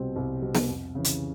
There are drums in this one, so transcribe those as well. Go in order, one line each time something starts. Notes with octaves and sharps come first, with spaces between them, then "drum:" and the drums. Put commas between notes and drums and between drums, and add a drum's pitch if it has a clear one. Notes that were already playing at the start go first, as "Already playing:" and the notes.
Already playing: C2 B2 G3 C4
C2
B2 G3 C4
drum: snare
F2
C#3 E3
drum: hi-hat